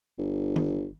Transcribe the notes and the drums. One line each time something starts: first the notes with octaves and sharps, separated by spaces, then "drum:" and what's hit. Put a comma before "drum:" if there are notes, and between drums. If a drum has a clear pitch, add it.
G1
drum: tom